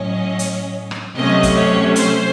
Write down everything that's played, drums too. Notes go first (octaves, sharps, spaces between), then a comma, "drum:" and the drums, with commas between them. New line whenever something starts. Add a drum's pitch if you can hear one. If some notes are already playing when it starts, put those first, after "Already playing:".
Already playing: A2 F#3 C#4 D#5
drum: hi-hat
drum: rim click
C3 F#3 A3 C#4 D#5
drum: kick, hi-hat
C#5
C5, drum: hi-hat